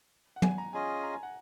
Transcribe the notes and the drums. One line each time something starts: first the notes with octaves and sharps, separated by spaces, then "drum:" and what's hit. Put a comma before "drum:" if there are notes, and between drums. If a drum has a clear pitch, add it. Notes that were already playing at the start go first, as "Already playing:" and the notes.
F#5
G#5, drum: tom
A#5
C#4 F4 G#4 D#5 G#5
A#5
G#5
F#5